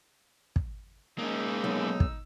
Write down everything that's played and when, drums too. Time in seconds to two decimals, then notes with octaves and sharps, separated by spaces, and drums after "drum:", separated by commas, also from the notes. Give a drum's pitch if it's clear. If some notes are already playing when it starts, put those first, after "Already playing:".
0.56 drum: kick
1.19 G#3 A#3 C#4 D#4 E6
1.64 B1
2.00 drum: kick